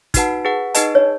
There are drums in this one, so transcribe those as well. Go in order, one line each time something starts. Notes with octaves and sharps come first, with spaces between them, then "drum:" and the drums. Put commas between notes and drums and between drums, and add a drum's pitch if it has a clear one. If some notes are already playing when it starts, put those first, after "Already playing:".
D#4 F#4 B4 F#5 A5, drum: kick, hi-hat
G#4 B4 F#5
D#4 G#4 B4 D#5 A5, drum: hi-hat
C#5